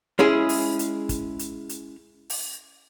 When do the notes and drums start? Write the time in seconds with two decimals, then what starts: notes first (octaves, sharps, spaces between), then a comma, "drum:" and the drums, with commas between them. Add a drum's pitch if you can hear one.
0.19 G#3 C#4 E4 G#4
0.49 drum: open hi-hat
0.79 drum: hi-hat
1.09 drum: kick, hi-hat
1.39 drum: hi-hat
1.69 drum: hi-hat
2.30 drum: open hi-hat